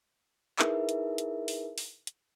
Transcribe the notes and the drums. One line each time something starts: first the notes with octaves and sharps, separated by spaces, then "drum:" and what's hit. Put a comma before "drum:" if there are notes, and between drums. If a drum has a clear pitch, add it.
D#4 E4 G#4 A#4 B4 E5, drum: clap
drum: hi-hat
drum: hi-hat
drum: open hi-hat
drum: open hi-hat
drum: hi-hat